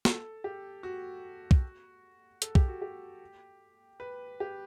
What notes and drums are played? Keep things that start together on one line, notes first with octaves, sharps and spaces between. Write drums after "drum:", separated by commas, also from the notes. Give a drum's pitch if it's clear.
A4, drum: snare
G4
F#4
drum: kick
A4, drum: hi-hat
G4, drum: kick
F#4
G4
B4
G4